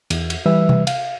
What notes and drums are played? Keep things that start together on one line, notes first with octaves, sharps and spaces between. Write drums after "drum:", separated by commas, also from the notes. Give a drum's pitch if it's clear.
E2, drum: cymbal
drum: cymbal
E3 G3 B4 E5 E6
drum: tom
F5, drum: cymbal